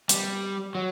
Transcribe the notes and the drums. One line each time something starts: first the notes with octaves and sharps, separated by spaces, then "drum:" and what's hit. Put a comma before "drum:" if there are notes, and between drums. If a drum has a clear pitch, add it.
G3, drum: hi-hat
F#3